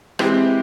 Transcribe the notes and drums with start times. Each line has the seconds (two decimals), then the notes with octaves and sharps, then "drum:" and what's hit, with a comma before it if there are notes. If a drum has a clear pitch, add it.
0.19 E3 G#3 C4 E4 G4, drum: rim click